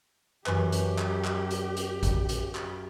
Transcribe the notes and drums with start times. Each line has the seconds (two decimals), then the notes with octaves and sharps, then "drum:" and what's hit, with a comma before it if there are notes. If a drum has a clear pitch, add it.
0.46 F#2 E3 G4 B4, drum: clap
0.72 drum: hi-hat
0.98 drum: clap
1.25 drum: clap
1.51 drum: hi-hat
1.77 drum: hi-hat
2.03 drum: kick A#1, hi-hat
2.29 drum: hi-hat
2.55 drum: clap